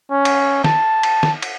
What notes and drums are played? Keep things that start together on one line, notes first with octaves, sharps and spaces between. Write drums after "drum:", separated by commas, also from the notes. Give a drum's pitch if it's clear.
C#4
drum: cymbal
A5, drum: snare
drum: cymbal
drum: snare
drum: cymbal